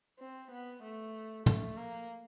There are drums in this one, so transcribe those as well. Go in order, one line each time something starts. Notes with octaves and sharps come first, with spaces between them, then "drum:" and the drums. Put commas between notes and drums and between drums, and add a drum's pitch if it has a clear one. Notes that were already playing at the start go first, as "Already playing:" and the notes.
C4
B3
A3
A3, drum: tom
A#3